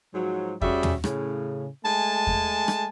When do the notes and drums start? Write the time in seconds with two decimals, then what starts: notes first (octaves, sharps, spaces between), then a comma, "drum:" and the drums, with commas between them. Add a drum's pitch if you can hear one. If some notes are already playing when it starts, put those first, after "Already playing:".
0.14 G#2 F3 F#3
0.62 G3 C#4 F#4 G#4 E5, drum: kick E2
0.83 drum: tom
1.04 A2 C#3, drum: rim click
1.84 G#3 A3 G#5 A5
2.27 drum: kick E2
2.68 drum: rim click